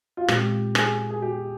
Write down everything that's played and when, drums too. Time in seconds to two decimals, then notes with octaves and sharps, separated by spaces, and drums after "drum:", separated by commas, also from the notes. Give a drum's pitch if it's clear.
0.17 F4
0.28 A#2 G#3 C4 G4, drum: rim click
0.75 G#4, drum: rim click
1.10 G#4
1.22 G4